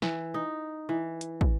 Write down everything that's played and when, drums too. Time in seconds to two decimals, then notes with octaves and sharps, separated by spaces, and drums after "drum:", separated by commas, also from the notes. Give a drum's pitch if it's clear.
0.02 E3, drum: snare
0.34 D#4
0.89 E3
1.21 drum: hi-hat
1.41 drum: kick